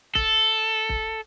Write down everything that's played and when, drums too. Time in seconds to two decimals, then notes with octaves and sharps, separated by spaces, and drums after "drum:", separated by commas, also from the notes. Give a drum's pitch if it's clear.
0.15 A4, drum: kick
0.89 drum: kick